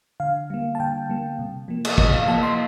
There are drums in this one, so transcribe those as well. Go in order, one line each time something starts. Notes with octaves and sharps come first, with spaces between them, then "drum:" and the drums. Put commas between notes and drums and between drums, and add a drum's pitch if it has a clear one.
D3 F5
G3 A#3
A5
D3 G5
G3 A#3
C3
F3 A#3
drum: cymbal
C3 D#5, drum: kick
F5
F3 A#3 A5
C6